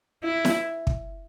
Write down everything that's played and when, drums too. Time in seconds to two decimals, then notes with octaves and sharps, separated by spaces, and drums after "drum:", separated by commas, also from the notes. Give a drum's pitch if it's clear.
0.23 E4
0.45 drum: snare E4
0.87 drum: kick